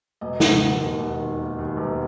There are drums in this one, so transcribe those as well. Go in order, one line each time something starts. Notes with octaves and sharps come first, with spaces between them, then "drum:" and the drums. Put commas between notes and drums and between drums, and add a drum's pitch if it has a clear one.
E1 D#5
D#3 F#5, drum: snare
A#3 F#5
D#2
E1
D#3
A#3
D#2
E1